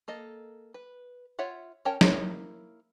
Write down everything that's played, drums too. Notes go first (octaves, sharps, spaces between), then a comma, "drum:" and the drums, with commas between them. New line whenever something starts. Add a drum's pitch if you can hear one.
A#3 A4 D#5
B4
F4 C#5 E5 F#5
C#4 A#4 C#5 G5 A5
A#3 E4 C#5, drum: snare